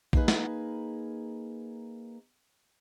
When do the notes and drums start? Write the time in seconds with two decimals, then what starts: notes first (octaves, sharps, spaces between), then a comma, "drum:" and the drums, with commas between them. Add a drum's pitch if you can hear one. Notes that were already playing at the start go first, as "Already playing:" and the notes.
0.13 A#3 D#4 G#4 B4, drum: kick A#1
0.28 drum: snare